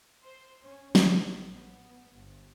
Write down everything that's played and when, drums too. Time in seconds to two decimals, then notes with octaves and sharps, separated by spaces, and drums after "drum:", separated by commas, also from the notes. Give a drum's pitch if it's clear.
0.23 C5
0.62 C#4
0.95 A1, drum: snare
1.50 B3
2.14 G1